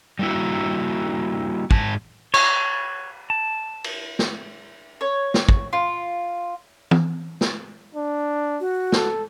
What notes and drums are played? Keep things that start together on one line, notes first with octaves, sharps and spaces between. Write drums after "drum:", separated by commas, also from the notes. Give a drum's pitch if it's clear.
G3 A3 A#3 E4 F#4
G#2 A5, drum: kick
C#5, drum: cymbal
A5
drum: cymbal
drum: snare
C#5
drum: snare
drum: kick
F4
drum: tom
drum: snare
D4
F#4
A4, drum: snare